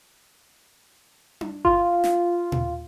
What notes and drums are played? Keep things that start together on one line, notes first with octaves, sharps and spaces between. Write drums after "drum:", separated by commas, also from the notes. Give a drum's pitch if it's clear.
drum: tom D4
F4, drum: kick G1
drum: snare
drum: tom